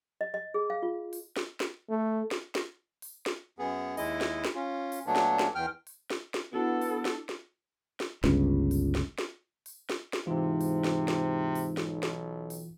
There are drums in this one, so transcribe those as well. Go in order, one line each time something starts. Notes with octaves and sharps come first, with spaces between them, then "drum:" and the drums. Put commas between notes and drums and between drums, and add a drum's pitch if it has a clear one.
D#5
D#5
G#4
F5
F4
drum: open hi-hat
drum: snare
drum: snare
A3
drum: snare
drum: snare
drum: open hi-hat
drum: snare
F#2 B3 G#4
D#2 G#3 E4 D#5, drum: open hi-hat
drum: snare
drum: snare
C#4 F4
drum: open hi-hat
A#2 F#3 A3 B3 D4
drum: snare
drum: snare
E2 G5 F6
drum: open hi-hat
drum: snare
drum: snare
B3 D4 E4 F#4 A4
drum: open hi-hat
drum: snare
drum: snare
drum: snare
G1 C#2, drum: snare
drum: open hi-hat
drum: snare
drum: snare
drum: open hi-hat
drum: snare
drum: snare
G#2 C3 E3 F4
drum: open hi-hat
drum: snare
drum: snare
drum: open hi-hat
B1, drum: snare
drum: snare
drum: open hi-hat